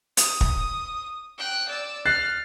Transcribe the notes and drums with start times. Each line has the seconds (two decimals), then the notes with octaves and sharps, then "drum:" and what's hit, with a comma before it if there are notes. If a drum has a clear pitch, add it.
0.17 D#6, drum: hi-hat
0.41 drum: kick
1.38 G5 F#6
1.68 D5 E6
2.05 F6 F#6 A6 C7